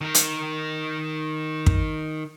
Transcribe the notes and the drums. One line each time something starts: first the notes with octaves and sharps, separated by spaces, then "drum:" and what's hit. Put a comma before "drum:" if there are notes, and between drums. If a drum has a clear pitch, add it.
D#3 A#4
drum: hi-hat
drum: kick